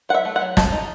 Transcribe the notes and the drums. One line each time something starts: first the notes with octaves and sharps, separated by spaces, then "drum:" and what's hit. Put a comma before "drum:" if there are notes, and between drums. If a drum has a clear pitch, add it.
F#3 F#5
E5
A3
F#5
F#3
G#3 A5, drum: snare
D#4